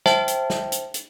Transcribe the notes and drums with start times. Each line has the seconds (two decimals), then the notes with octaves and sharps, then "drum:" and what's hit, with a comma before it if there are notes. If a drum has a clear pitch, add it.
0.06 C5 E5 G5 A5, drum: snare
0.28 drum: hi-hat
0.50 drum: snare
0.72 drum: hi-hat
0.94 drum: hi-hat